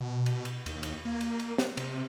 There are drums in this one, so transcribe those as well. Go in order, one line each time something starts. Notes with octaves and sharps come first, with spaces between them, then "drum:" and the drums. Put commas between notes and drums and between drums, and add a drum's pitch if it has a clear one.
B2
drum: cymbal
drum: cymbal
D#2, drum: cymbal
drum: cymbal
A#3
drum: cymbal
drum: cymbal
drum: snare
C3, drum: cymbal